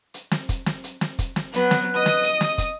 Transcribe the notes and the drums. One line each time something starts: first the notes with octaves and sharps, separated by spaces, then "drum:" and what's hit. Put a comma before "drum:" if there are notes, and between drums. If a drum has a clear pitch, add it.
drum: hi-hat
drum: snare
drum: kick, hi-hat
drum: snare
drum: hi-hat
drum: snare
drum: kick, hi-hat
drum: snare
F#3 B3 B4, drum: hi-hat
drum: snare
D#5 D#6
drum: snare
drum: hi-hat
drum: snare
drum: kick, hi-hat